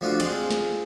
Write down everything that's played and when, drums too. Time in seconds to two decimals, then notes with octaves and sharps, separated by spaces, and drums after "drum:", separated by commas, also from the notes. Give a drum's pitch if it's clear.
0.01 F3 A3 D4 F4 F#4
0.20 G#3 C4 F4, drum: cymbal
0.51 drum: snare